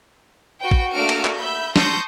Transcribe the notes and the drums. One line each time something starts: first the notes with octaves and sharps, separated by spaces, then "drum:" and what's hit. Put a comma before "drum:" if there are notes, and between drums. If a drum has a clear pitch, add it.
F#4 B4 G5
drum: kick A1
A3 A#3 D4 F#4 F6 D7
drum: cymbal
drum: clap
E5 B5 G6
A5 C6 C#6 D#6 G6 A#6, drum: snare